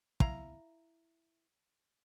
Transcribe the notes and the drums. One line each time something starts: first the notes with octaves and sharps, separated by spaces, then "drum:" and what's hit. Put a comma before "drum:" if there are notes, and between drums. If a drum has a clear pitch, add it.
E4 F5 A#5, drum: kick